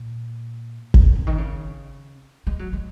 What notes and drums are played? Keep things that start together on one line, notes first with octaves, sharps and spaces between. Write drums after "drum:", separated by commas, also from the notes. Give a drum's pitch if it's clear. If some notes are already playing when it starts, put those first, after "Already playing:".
Already playing: A#2
drum: kick G1
C#3
D#3
C#3
G#3
F#3
G#3